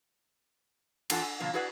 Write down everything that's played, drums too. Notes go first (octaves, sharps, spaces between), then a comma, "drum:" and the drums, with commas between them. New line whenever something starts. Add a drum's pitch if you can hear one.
E2 D4 F4 A4 F#5 G#5, drum: cymbal
G#5
B2 D3 F3 A#3 F4
E4 F#4 G#4 B4 D5 F#5